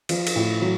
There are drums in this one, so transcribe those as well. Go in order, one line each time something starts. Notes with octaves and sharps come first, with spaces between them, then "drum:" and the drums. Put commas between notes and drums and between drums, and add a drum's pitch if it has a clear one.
F3, drum: cymbal
drum: cymbal
A2
F#3